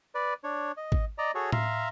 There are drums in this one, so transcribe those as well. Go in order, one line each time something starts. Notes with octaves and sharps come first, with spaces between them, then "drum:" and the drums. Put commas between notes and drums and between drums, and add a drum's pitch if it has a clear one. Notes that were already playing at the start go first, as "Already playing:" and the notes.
B4 D5
D4 C#5
D#5
drum: kick G#1
D5 D#5 A#5
F#4 G#4 A4 C#5
E5 F5 A#5 C6, drum: tom A2